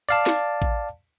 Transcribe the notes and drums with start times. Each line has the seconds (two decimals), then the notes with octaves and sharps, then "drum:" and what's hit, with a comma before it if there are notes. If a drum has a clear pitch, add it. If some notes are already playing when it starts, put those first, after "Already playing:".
0.09 D5 F5 A5
0.26 drum: snare
0.62 drum: kick A1